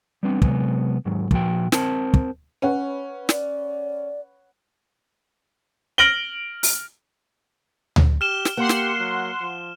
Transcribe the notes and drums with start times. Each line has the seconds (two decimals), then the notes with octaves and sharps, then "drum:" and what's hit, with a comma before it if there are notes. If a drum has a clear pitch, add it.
0.23 G3 B3 C4 D4
0.42 C3 F#3 G#3 B3, drum: kick
1.05 D#2 G#2 F#3
1.31 A#2 F3 F#4 G5, drum: kick
1.72 C4 A#4 C5 A5, drum: snare
2.14 drum: kick
2.62 C#4 B4 C#5 F#5
3.29 D5, drum: snare
5.98 F6 A#6 D7 F#7 G7
6.63 drum: open hi-hat
7.96 drum: tom D2
8.21 G4 F6 E7 G7
8.45 drum: snare
8.57 A#3 G4 F#5 C6
8.69 drum: snare
8.99 F#3
9.41 F3